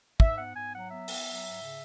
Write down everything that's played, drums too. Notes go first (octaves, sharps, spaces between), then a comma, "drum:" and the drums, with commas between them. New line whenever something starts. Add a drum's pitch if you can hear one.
G#2 E5, drum: kick
B3 F#5
G#2 G#5
F#3 F#5
B3 E5
B3, drum: open hi-hat
F#3
G#2
C#3